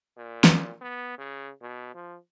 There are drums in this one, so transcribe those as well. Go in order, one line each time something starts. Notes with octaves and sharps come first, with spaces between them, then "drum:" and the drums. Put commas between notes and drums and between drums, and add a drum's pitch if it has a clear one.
A#2
drum: snare
B3
C#3
B2
F3